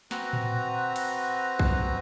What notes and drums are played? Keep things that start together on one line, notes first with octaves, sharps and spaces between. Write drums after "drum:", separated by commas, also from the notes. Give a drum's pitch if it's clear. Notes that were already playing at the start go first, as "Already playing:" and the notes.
C4 F#4 B4 A#5, drum: snare
drum: tom A2
drum: cymbal
drum: kick A#1